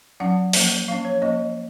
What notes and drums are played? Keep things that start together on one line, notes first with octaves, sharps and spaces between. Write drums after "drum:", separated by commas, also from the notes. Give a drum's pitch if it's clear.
F#3 C#4 F#5
F3 A#3 C#4, drum: open hi-hat
F3 A#3 C#4 F5
C#5
F3 A#3 C#4 D#5